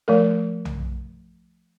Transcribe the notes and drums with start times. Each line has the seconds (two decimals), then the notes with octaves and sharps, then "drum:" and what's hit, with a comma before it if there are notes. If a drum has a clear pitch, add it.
0.08 F3 A3 A#4
0.65 drum: tom B1